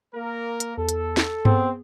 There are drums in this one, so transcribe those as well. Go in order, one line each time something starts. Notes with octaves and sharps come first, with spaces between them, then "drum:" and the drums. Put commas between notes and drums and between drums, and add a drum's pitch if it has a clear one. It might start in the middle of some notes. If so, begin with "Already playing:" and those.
A#3 A#4
drum: hi-hat
E2 A4
drum: hi-hat
drum: snare
B3 C4 G#4, drum: tom G2